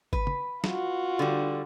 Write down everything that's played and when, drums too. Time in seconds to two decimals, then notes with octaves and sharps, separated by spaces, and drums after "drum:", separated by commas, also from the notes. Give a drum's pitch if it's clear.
0.13 B4, drum: kick
0.27 drum: tom
0.64 F4 F#4, drum: snare
1.19 D3 G3